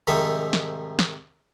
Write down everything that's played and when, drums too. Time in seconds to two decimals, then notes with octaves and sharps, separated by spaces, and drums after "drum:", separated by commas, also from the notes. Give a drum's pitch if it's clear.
0.07 C2 G#2 D#3 F3 A4 E5
0.53 drum: snare
0.99 drum: snare